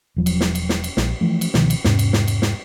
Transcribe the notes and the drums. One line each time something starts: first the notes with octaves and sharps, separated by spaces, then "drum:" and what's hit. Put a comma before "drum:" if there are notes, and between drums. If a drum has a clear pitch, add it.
E1 F3 F#3
drum: cymbal
drum: snare
drum: cymbal
drum: snare
drum: cymbal
A#1, drum: snare
E3 F3 A3
drum: cymbal
C#2 B2 D#3 F3, drum: snare
drum: cymbal
E2 G#2 C3 C#4, drum: snare
drum: cymbal
drum: snare
drum: cymbal
drum: snare